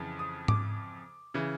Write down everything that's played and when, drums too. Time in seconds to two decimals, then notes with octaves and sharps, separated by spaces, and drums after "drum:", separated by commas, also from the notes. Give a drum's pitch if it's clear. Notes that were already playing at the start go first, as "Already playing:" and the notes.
Already playing: F2 C#3 E3
0.19 D#6
0.48 D6, drum: tom G#2
1.34 C#3 E3